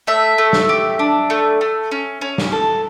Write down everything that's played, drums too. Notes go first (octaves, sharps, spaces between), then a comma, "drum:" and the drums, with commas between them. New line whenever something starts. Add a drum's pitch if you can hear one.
A3 E5
A3
drum: snare
G4
D4
A3
A3
C#4
C#4
drum: snare
A4